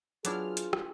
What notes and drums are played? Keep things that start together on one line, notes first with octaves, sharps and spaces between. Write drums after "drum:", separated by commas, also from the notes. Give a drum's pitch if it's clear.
F#3 B3 D4 E4 F4 G#4 F6, drum: hi-hat
drum: hi-hat
drum: rim click